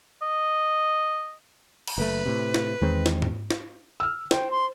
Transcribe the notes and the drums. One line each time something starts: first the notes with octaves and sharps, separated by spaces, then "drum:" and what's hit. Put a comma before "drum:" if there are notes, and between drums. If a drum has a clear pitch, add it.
D#5
drum: cymbal
F#1 A3 B4
A2 C3
drum: snare
E2 D#3 G#3 C4
drum: snare
drum: tom G#2
drum: snare
E6 F6
C5 G5, drum: snare
C6